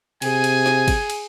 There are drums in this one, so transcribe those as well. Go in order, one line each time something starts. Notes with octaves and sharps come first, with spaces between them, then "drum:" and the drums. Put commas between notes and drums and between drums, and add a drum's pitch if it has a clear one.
C3 G#4 G#5, drum: cymbal
drum: cymbal
drum: snare
drum: kick, cymbal
drum: cymbal